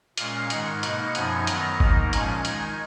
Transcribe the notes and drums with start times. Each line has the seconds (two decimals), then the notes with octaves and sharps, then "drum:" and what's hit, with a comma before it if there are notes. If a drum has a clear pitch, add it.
0.18 A#2 G#3 C#4 F5, drum: hi-hat
0.50 G#2 D#3 G#3 D#4 F#5, drum: hi-hat
0.83 B2 A#3 D#4, drum: hi-hat
1.15 F#2 F3 B3 D#4 G#5, drum: hi-hat
1.47 D#3 F#3 B3 A#5, drum: hi-hat
1.80 G#2 D#3 A#3 D#4, drum: kick G1
2.13 A#2 F3 G#3 C#4 G#5, drum: hi-hat
2.45 D#3 G#3 D#4, drum: hi-hat